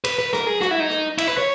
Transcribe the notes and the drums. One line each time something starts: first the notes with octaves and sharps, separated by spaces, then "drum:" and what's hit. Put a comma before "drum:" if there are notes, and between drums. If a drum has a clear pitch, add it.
B4, drum: cymbal
B4
A#4, drum: rim click
G#4
F#4, drum: rim click
E4
D#4
drum: rim click
E4, drum: cymbal
B4
C#5